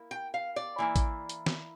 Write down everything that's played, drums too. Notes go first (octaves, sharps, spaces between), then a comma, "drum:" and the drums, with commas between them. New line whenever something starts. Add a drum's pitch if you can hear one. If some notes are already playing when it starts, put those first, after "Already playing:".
Already playing: A#3 E4
G5
F5
D5
E3 A#3 E4
drum: kick A1, hi-hat
drum: hi-hat
drum: snare